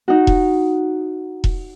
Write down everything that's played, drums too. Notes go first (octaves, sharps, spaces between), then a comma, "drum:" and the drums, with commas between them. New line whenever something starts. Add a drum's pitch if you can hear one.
D#4 F#4
drum: kick E1
drum: kick E1